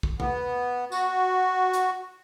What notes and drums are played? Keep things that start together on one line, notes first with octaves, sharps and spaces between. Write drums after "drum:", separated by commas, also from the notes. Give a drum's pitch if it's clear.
drum: kick A#1
B3, drum: tom C3
F#4, drum: tambourine
drum: hi-hat